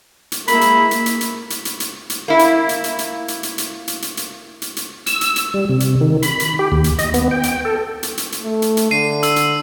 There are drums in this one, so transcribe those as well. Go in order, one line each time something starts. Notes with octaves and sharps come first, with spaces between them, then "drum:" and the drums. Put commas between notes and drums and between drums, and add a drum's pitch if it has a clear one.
drum: hi-hat
G#3 A#3 E4 B5, drum: hi-hat
drum: hi-hat
drum: hi-hat
drum: hi-hat
drum: hi-hat
drum: hi-hat
drum: hi-hat
drum: hi-hat
drum: hi-hat
A#3 E4
drum: hi-hat
drum: hi-hat
drum: hi-hat
drum: hi-hat
drum: hi-hat
drum: hi-hat
drum: hi-hat
drum: hi-hat
drum: hi-hat
drum: hi-hat
drum: hi-hat
drum: hi-hat
E6, drum: hi-hat
drum: hi-hat
drum: hi-hat
G3
C3
drum: hi-hat
D#3
B5, drum: hi-hat
drum: hi-hat
G4
D#2
drum: hi-hat
D#5, drum: hi-hat
B3, drum: hi-hat
G5
drum: hi-hat
A4
drum: hi-hat
drum: hi-hat
drum: hi-hat
A3
drum: hi-hat
drum: hi-hat
D3 C7 D#7
E6, drum: hi-hat
drum: hi-hat